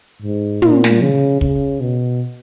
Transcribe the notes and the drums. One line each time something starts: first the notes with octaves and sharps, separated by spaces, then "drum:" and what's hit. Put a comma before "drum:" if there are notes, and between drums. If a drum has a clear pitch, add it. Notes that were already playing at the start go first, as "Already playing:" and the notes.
G#2
A#2, drum: tom
drum: snare
C#3
C#3, drum: kick
B2